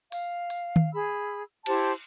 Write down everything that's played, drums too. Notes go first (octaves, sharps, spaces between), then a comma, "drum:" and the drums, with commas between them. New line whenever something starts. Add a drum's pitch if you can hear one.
F5, drum: open hi-hat
drum: open hi-hat
drum: tom D#3
G#4 B5 E6
E4 G4 C5 A5, drum: cymbal